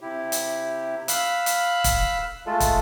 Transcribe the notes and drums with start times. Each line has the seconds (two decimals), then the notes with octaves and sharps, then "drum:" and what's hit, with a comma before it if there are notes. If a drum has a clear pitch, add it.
0.01 C3 E4 G4
0.32 drum: hi-hat
1.08 F5 B5 E6 F#6, drum: hi-hat
1.46 drum: hi-hat
1.84 drum: kick, hi-hat
2.46 G#3 A3 F4 A4
2.60 drum: kick, hi-hat